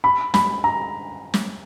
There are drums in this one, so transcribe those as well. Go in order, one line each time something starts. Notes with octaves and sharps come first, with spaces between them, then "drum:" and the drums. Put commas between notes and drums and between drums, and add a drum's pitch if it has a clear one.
B5
B5, drum: snare
A#5
drum: snare